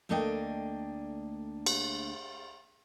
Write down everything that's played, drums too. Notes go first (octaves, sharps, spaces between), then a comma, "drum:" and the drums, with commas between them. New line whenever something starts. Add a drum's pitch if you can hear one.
D2 A3 A#3 D4 D#5 G5
drum: cymbal